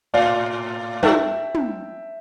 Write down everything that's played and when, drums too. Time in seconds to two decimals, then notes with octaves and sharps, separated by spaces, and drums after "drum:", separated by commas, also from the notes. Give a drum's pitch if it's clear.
0.14 A2 D5 F5
1.03 G2 E5 G5, drum: tom
1.55 drum: tom